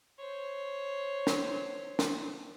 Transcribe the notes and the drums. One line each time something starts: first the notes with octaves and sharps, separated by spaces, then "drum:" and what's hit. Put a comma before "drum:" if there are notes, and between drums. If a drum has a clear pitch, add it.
C5 C#5
drum: snare
drum: snare